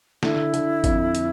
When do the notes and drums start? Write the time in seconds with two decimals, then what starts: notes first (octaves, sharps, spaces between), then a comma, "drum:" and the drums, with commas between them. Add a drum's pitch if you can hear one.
0.23 D3 E4, drum: snare
0.54 D3, drum: hi-hat
0.84 F2, drum: kick G#1, hi-hat
1.15 drum: hi-hat